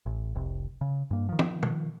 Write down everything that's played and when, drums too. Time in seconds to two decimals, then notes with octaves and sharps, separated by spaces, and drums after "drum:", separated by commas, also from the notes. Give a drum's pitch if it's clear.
0.06 A1
0.35 F1 C2
0.81 C#3
1.11 G2 A#3
1.29 D#3 F3
1.39 drum: tom
1.63 drum: tom